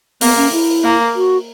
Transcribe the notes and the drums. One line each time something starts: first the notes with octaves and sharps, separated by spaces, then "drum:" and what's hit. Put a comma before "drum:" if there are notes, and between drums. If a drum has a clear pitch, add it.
A#3 B3, drum: open hi-hat
C#4
E4
A#3
F#4